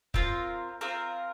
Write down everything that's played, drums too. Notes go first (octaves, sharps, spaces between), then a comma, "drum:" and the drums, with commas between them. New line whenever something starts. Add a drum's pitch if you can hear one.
C4 F4 A#4, drum: kick
C4 F4 A#4